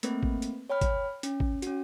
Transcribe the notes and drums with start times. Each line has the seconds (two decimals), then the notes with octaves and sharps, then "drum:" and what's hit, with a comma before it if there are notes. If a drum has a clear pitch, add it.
0.03 A3 A#3 C4 B4, drum: hi-hat
0.23 drum: kick
0.42 drum: hi-hat
0.70 C#5 G5 B5 F6
0.81 drum: kick, hi-hat
1.23 C#4, drum: hi-hat
1.40 drum: kick
1.62 C#4 F#4, drum: hi-hat